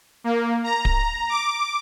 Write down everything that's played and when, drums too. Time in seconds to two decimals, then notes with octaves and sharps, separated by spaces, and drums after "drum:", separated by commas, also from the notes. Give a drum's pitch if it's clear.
0.24 A#3
0.64 A#5
0.85 drum: kick D1
1.29 D6